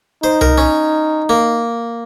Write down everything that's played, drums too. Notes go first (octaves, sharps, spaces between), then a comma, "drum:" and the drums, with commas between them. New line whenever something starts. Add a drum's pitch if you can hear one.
D#4 C5
A#4, drum: tom C2
C#4
A#3